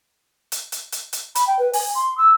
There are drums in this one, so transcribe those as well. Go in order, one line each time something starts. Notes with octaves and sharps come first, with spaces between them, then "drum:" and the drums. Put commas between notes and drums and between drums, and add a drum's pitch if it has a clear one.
drum: hi-hat
drum: hi-hat
drum: hi-hat
drum: hi-hat
B5, drum: hi-hat
G5
B4
G#5, drum: open hi-hat
C6
E6